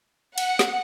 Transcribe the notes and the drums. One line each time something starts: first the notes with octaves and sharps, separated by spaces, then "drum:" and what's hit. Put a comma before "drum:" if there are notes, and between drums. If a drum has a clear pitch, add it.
F#5, drum: cymbal
drum: snare